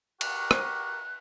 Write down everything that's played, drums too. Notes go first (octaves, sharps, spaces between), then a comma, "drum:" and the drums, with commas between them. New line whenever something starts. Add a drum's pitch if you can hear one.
F#4 G4 A#4 F#6, drum: cymbal
drum: rim click